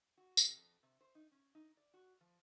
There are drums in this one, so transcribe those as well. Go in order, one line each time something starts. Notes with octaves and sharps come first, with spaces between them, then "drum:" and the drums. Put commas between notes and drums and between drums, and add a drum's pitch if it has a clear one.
F#4
C3, drum: tambourine
F2
C3
C5
D#4
C#4
D#4
D5
F#4
F3